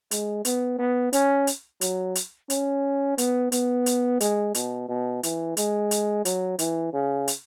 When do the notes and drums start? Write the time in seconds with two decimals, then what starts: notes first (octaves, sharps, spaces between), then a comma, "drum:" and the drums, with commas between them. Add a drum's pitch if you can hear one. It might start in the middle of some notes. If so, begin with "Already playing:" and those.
0.11 G#3, drum: hi-hat
0.45 B3, drum: hi-hat
0.78 B3
1.13 C#4, drum: hi-hat
1.47 drum: hi-hat
1.81 F#3, drum: hi-hat
2.15 drum: hi-hat
2.50 C#4, drum: hi-hat
3.18 B3, drum: hi-hat
3.52 B3, drum: hi-hat
3.86 drum: hi-hat
4.20 G#3, drum: hi-hat
4.55 B2, drum: hi-hat
4.88 B2
5.23 E3, drum: hi-hat
5.57 G#3, drum: hi-hat
5.91 drum: hi-hat
6.25 F#3, drum: hi-hat
6.59 E3, drum: hi-hat
6.93 C#3
7.28 drum: hi-hat